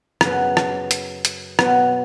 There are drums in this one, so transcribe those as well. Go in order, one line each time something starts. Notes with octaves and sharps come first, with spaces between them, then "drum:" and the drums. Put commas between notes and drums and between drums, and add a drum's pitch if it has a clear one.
F#2 C#3 F#3 B3, drum: rim click
drum: rim click
drum: hi-hat
drum: hi-hat
B2 F#3 B3, drum: rim click